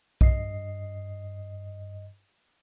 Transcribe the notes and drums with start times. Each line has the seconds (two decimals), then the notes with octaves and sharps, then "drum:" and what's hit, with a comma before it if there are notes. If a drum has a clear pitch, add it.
0.21 G2 D#5 C7, drum: kick B1